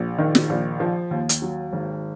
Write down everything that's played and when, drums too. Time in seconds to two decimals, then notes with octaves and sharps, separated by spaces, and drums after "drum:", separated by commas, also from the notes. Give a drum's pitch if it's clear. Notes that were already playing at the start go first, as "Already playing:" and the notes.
Already playing: A#1
0.19 D#3
0.35 drum: snare
0.49 A#1
0.80 F3
1.11 D#2
1.29 drum: hi-hat
1.42 F#3
1.73 G#1